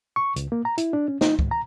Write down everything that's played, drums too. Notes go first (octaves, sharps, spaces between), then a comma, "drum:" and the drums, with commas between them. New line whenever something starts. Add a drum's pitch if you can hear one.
C#6
C#2, drum: hi-hat
A#3
A#5
E4, drum: hi-hat
D4
C#4
D#4, drum: snare
G#2, drum: kick
A#5